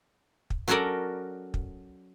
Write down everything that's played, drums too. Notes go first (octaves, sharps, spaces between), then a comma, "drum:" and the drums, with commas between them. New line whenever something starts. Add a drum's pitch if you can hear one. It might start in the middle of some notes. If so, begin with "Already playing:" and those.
drum: kick
F#3 C#4 F#4 A4 A#4 D5
drum: kick